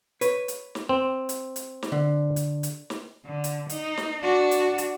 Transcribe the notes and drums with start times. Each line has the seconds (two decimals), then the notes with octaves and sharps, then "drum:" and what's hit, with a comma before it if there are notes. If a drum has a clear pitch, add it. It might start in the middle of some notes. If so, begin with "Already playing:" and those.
0.21 B4 C#5, drum: hi-hat
0.48 drum: hi-hat
0.75 drum: snare
0.89 C4
1.29 drum: hi-hat
1.56 drum: hi-hat
1.83 drum: snare
1.92 D3
2.36 drum: hi-hat
2.63 drum: hi-hat
2.90 drum: snare
3.25 D3
3.44 drum: hi-hat
3.69 D#4, drum: hi-hat
3.97 drum: snare
4.22 D4 F#4
4.51 drum: hi-hat
4.78 drum: hi-hat